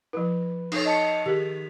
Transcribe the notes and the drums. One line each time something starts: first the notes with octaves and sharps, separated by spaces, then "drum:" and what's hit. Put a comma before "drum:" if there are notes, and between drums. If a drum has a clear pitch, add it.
F3 E4 B4
D#4 A4 C#5, drum: cymbal
D#5 A5 C#7
D#3 G4 G#4 B6